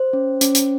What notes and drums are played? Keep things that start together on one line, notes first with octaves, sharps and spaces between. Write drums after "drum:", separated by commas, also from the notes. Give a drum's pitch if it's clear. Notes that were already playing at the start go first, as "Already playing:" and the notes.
Already playing: C5
C#4
C#4, drum: hi-hat
drum: hi-hat